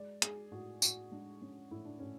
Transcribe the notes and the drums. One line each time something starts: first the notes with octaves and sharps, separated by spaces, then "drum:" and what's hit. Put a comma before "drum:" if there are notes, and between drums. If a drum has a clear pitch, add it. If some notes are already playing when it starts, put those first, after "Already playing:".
Already playing: G#3 D5
G#3 G#4, drum: hi-hat
A2 F#4
A2 F#4, drum: tambourine
G#3 D4
G#3 C#4
A2 E4
D4
A2 C#4